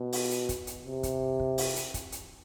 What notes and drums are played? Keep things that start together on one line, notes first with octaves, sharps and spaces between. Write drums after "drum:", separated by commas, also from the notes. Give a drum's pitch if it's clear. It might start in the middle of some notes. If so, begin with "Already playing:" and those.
Already playing: B2
drum: open hi-hat
drum: hi-hat
drum: kick, hi-hat
drum: hi-hat
C3
drum: kick, hi-hat
drum: kick
drum: open hi-hat
drum: hi-hat
drum: kick, hi-hat
drum: hi-hat